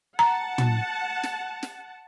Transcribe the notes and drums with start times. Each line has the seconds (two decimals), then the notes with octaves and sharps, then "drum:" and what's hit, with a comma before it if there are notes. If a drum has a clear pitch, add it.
0.19 F#5 A5 A#5
0.58 drum: tom
1.23 drum: snare
1.63 drum: snare